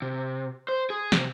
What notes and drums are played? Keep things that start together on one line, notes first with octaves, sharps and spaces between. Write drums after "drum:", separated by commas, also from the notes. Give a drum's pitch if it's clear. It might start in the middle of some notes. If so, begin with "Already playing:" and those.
C3
C5
G#4
C3, drum: snare